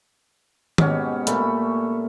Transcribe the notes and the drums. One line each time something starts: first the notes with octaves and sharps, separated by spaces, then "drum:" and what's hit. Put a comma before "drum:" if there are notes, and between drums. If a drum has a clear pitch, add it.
G#2 B2 C#4 G4, drum: tom D#3
A#2 A3 B5, drum: hi-hat